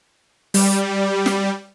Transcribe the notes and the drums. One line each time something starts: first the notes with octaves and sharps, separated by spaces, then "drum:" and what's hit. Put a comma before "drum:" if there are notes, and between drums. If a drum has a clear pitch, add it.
G3, drum: open hi-hat
drum: snare